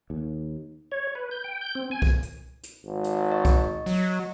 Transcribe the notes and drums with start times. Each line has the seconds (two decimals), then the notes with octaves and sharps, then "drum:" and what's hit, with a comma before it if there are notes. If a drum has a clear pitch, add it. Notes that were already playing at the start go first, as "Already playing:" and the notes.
0.10 D#2
0.92 C#5
1.15 B4
1.31 G6
1.44 G5
1.61 G6
1.75 C4
1.91 G#5
2.02 drum: kick
2.22 drum: hi-hat
2.63 drum: hi-hat
2.85 G#1
3.04 drum: hi-hat
3.32 D#5 C#6
3.45 drum: kick, hi-hat
3.86 F#3, drum: open hi-hat